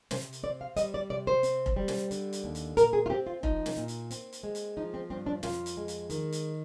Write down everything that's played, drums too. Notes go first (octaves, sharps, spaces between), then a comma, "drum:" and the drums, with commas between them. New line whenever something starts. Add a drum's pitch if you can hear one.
C3 C5, drum: snare
drum: hi-hat
C4 D5
F5
G3 D#5, drum: hi-hat
D5
C3 D5
C5
C4, drum: hi-hat
drum: kick F1
G3
drum: snare
D3, drum: hi-hat
drum: hi-hat
D#2
drum: hi-hat
A#2 A#4, drum: hi-hat
G#4
F4
C4 G4
F4
F3 D#4, drum: kick F1
drum: snare
A#2
drum: hi-hat
C4, drum: hi-hat
drum: hi-hat
G#3
drum: hi-hat
F3 D#4
C4
G2 C4
D4
F2 F4, drum: snare
drum: hi-hat
G#3
drum: hi-hat
D#3, drum: hi-hat
drum: hi-hat